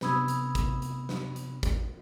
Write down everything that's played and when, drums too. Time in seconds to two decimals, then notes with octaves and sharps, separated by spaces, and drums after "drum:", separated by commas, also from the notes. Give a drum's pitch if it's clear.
0.01 C3 B3 B5 D#6 E6 G#6, drum: snare
0.28 drum: hi-hat
0.55 drum: kick, hi-hat
0.82 drum: hi-hat
1.09 drum: snare
1.36 drum: hi-hat
1.63 drum: kick, hi-hat